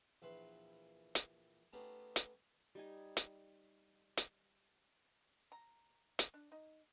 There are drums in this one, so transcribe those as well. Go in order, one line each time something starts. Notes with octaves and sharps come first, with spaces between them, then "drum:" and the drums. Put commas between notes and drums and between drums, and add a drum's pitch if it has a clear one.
A#1 E3 B4 C6
drum: hi-hat
A3 B3 C#4 D#4 G4 G#4
drum: hi-hat
G3 D#4 G#5
drum: hi-hat
drum: hi-hat
A#5
drum: hi-hat
D4
D#4